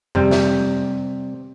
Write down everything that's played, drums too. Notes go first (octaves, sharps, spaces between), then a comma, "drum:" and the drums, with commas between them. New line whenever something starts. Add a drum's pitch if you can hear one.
C3 G3, drum: tom F2
drum: snare